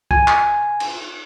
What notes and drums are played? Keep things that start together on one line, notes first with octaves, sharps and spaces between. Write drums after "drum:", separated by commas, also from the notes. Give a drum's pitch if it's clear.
G#5, drum: kick
drum: clap
drum: cymbal